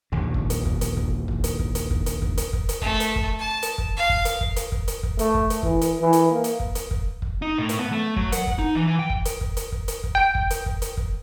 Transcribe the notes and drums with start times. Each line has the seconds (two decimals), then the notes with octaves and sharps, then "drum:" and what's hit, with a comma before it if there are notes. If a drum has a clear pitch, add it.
0.12 A#1 D#2 D3
0.34 drum: kick
0.50 drum: hi-hat
0.66 drum: kick
0.81 drum: hi-hat
0.97 drum: kick
1.28 drum: kick
1.44 drum: hi-hat
1.59 drum: kick
1.75 drum: hi-hat
1.91 drum: kick
2.06 drum: hi-hat
2.22 drum: kick
2.38 drum: hi-hat
2.53 drum: kick
2.69 drum: hi-hat
2.82 A3, drum: kick
3.00 drum: hi-hat
3.16 drum: kick
3.39 A5
3.63 drum: hi-hat
3.78 drum: kick
3.97 F5
4.09 drum: kick
4.25 drum: hi-hat
4.41 drum: kick
4.56 drum: hi-hat
4.72 drum: kick
4.88 drum: hi-hat
5.03 drum: kick
5.19 A3, drum: hi-hat
5.35 drum: kick
5.50 drum: hi-hat
5.63 E3, drum: kick
5.81 drum: hi-hat
6.01 E3
6.13 drum: hi-hat
6.31 A#3
6.44 drum: hi-hat
6.60 drum: kick
6.75 drum: hi-hat
6.91 drum: kick
7.22 drum: kick
7.42 D#4
7.58 A2
7.69 drum: hi-hat
7.79 B3
7.92 A3
8.16 F#3, drum: kick
8.32 F#5, drum: hi-hat
8.47 drum: kick
8.59 D#4
8.75 E3
8.87 E3
8.99 G5
9.10 drum: kick
9.25 drum: hi-hat
9.41 drum: kick
9.57 drum: hi-hat
9.72 drum: kick
9.88 drum: hi-hat
10.04 drum: kick
10.15 G5
10.35 drum: kick
10.50 drum: hi-hat
10.66 drum: kick
10.82 drum: hi-hat
10.97 drum: kick